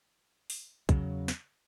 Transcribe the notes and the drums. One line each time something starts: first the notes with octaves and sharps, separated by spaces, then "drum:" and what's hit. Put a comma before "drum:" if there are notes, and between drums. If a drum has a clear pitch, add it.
drum: open hi-hat
E2 C#3 F#3, drum: kick, hi-hat
drum: snare